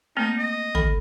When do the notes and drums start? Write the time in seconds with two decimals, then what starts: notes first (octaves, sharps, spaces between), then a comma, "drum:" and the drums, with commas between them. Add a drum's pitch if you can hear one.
0.17 A3 A#3 C4 D#4
0.38 D#5
0.75 A4 B5, drum: tom